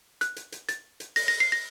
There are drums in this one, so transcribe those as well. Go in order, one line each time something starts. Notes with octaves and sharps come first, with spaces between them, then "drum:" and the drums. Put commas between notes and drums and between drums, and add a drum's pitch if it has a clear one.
F#6, drum: hi-hat
drum: hi-hat
drum: hi-hat
A6, drum: hi-hat
drum: hi-hat
A#6, drum: open hi-hat
A#6
C7
A#6